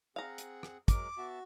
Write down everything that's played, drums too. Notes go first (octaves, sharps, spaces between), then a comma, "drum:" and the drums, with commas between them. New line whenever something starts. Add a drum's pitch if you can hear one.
C4 G#4 F5 F#5 A#5
drum: hi-hat
drum: rim click
F#3 G#3 A#4 D6, drum: kick, hi-hat
B3 F#4 E5 A5